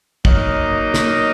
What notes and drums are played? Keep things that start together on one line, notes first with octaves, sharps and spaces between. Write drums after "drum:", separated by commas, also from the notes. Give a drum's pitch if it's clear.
F#3 A#3 D#4 A#4 D#5, drum: kick
drum: snare